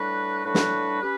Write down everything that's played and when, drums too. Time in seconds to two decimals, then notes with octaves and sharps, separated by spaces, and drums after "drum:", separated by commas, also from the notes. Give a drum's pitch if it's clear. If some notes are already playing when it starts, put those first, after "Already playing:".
Already playing: A2 G3 D4 F#4 B4
0.44 A2 G3 D4 F#4 B4
0.55 drum: snare
1.01 C#4 G4 B4